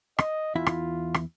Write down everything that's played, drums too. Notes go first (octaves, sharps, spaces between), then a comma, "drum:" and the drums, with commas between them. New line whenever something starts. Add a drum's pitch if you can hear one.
D#5, drum: rim click
E2 E4 F4 E5
drum: rim click
drum: rim click